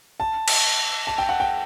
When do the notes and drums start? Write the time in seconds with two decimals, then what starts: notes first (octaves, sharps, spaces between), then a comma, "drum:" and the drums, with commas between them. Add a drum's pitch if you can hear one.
0.20 A5
0.48 drum: cymbal
1.07 A5
1.18 G5
1.29 F#5
1.40 G5